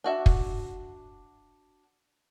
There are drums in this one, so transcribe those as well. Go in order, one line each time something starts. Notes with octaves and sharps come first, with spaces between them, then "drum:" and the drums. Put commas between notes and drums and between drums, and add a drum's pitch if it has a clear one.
D4 F#4 E5
drum: kick